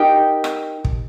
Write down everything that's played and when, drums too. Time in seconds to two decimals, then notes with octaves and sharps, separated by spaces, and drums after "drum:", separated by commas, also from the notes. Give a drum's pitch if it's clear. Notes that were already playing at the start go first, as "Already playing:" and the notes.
Already playing: D#4 G4 A#4 G5
0.44 drum: rim click
0.85 drum: kick